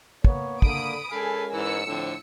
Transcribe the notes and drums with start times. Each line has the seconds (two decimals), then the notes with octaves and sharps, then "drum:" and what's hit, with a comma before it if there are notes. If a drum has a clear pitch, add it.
0.24 A#3 B3 C#5, drum: kick
0.62 D3 A#3 B5 D#6 D7, drum: kick
1.12 G#3 C#4 A4 A#4 F5 G#5 B5
1.53 G#2 E3 E6 C#7
1.87 A2 D3 F3 C4